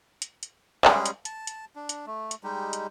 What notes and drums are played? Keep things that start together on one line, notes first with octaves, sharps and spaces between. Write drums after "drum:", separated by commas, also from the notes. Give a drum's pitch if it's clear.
drum: hi-hat
drum: hi-hat
G3 G#3 C#4 G#4, drum: clap
drum: hi-hat
A5, drum: hi-hat
drum: hi-hat
D4
drum: hi-hat
A3
drum: hi-hat
G3 G#3 D#4 G4
drum: hi-hat